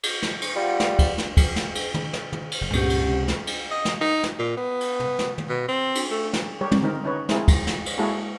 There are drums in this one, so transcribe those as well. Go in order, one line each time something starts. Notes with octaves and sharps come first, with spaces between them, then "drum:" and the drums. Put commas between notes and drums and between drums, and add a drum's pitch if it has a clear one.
drum: cymbal
drum: snare
drum: cymbal
G3 F4 F#5
drum: snare
drum: kick, cymbal
drum: snare
drum: kick, cymbal
drum: snare
drum: cymbal
drum: tom
drum: snare
drum: tom
drum: cymbal
F#1
C#2 G2 A#2 B3 C#4 G4 F#5, drum: cymbal
drum: cymbal
C3 G#3
drum: snare
drum: cymbal
D#5
drum: snare
D#4
drum: snare
A#2
B3
drum: cymbal
drum: tom
drum: snare
drum: tom
B2
C4
drum: cymbal
A3
drum: snare
G3 G4 A#4 C#5
drum: tom
D3 D#3 C4 D#4 A#4
C#4 D#4 B4 C#5
G#3 C4 D#4 E4 G#4 A#4, drum: snare
drum: kick, cymbal
drum: snare
drum: cymbal
G#3 A#3 E4 F#4 G#4 A4